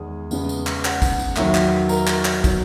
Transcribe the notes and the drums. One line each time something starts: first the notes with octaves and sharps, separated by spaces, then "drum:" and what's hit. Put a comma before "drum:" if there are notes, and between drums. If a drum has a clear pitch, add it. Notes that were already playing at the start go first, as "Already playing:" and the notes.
Already playing: E2 D#3 G#3 B3 G#4
E2 C#3 G#3 B3, drum: tambourine
drum: tambourine
drum: clap
F#5, drum: clap
drum: kick, tambourine
drum: tambourine
E2 D#3 F#3 A#3 E5, drum: clap
drum: clap
A#4 A#5, drum: tambourine
drum: clap
drum: clap
B2 F#3, drum: kick, tambourine